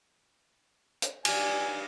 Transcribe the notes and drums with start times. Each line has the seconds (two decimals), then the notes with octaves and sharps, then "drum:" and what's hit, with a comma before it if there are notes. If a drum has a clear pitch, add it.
1.02 drum: hi-hat
1.25 G4 D5 G#5, drum: cymbal